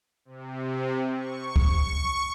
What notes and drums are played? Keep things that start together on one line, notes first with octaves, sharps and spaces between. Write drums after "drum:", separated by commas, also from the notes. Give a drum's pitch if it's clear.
C3
C#6
drum: kick C#2